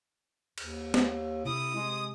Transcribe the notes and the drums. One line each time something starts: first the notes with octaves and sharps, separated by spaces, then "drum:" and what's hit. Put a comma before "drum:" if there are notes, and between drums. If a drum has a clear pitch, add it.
D#2, drum: cymbal
drum: snare
C3 E4 D#6
G#3